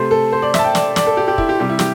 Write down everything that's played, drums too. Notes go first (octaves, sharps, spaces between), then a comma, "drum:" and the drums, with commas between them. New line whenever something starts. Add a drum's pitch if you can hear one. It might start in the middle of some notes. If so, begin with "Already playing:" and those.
Already playing: C3 A3 C5
A4
C5
D5
E5, drum: snare
A5
G5
D5, drum: snare
D5, drum: snare
A4
G4
G4
E4, drum: kick
G4
C3 G3 G4
E4
G4, drum: snare